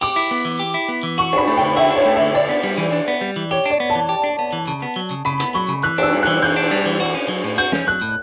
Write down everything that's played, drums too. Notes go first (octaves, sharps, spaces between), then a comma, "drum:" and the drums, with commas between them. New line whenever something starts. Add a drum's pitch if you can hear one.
G4 D6, drum: cymbal
E4
B3
E3
G4
E4
B3
E3
F#4 C#6
D4 B5, drum: cymbal
A3
D3 G5
F#4 E5
D4
C#5
A3
E5
D3
D4 D5
B3
G3
E3
D4
B3
G3
E3
G4 C#5
D4 D5
B3
A5
E3
G4
D4
B3
E3
C#3
B3
F#3
C#3
C#3 B5
B3, drum: hi-hat
F#3 C#6
C#3
E3 F#6
D4 E6, drum: cymbal
G3
E3 F#6
E3 G6
D4
G3
E3
F#4
C#4
F#3
A2
F#4 G6
C#4, drum: snare
F#3 F#6
A2